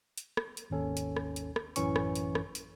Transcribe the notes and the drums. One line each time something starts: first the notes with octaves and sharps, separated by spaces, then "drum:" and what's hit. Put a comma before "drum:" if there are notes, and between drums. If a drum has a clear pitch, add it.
drum: hi-hat
drum: rim click
drum: hi-hat
G#1 D#2 C#4 A4
drum: hi-hat
drum: rim click
drum: hi-hat
drum: rim click
A1 F#2 E3 C#4 C#6, drum: hi-hat
drum: rim click
drum: hi-hat
drum: rim click
drum: hi-hat